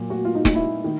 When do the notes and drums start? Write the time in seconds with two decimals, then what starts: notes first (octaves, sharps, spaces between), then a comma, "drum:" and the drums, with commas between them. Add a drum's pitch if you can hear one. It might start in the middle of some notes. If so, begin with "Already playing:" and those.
Already playing: A#2 F#3 A#3
0.10 F#4
0.25 F4
0.35 D#4
0.45 D#4, drum: snare
0.55 E4
0.84 D#3